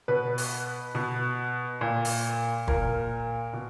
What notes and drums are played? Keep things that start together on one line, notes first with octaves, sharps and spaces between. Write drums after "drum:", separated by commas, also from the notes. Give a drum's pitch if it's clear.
B2 B4
drum: open hi-hat
B2
A#2
drum: open hi-hat
A#2 A#4, drum: kick
B2